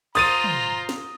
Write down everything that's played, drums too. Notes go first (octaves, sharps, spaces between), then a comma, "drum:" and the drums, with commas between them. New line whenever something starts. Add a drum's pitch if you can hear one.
F4 C5 A#5 D#6 A6 D#7, drum: open hi-hat
drum: tom
drum: snare